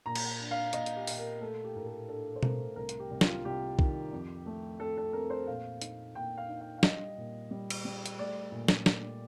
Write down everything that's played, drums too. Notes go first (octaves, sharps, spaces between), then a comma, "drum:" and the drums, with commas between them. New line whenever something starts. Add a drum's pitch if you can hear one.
A#2 A#5
drum: cymbal
D4
F5
A#2 D#5, drum: hi-hat
drum: hi-hat
G4
A#2, drum: open hi-hat
A#4
A3 A4
G4
A2 A#4
A4
D4 A4
C5
A3 A#4, drum: tom B2
C2 A#4
drum: hi-hat
G4
C2
F4, drum: snare
C2 G4
D#3, drum: kick B1
F2
A3
F2 A4
A4
C4 A#4
C5
A#2 F5
D#4, drum: hi-hat
A#2 G5
F5
D#4
F5
F5
G3 D#5, drum: snare
A#2
G3
drum: cymbal
G3
drum: hi-hat
A3 D5
A#2
drum: snare
A#2, drum: snare